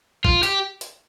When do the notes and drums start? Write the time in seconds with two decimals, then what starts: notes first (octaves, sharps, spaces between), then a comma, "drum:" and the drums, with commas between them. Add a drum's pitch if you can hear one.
0.25 F4, drum: kick A1
0.43 G4, drum: hi-hat
0.81 drum: hi-hat